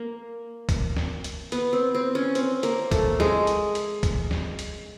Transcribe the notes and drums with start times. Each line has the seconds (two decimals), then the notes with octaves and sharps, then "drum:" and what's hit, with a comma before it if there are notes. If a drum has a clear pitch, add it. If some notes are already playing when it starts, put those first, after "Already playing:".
Already playing: A#3
0.69 drum: kick, hi-hat
0.97 drum: snare
1.24 drum: hi-hat
1.52 B3, drum: hi-hat
1.73 C4
1.95 C4
2.15 C#4
2.35 C4, drum: hi-hat
2.63 A#3, drum: hi-hat
2.91 A3, drum: kick, hi-hat
3.20 G#3, drum: snare
3.47 drum: hi-hat
3.75 drum: hi-hat
4.03 drum: kick, hi-hat
4.31 drum: snare
4.59 drum: hi-hat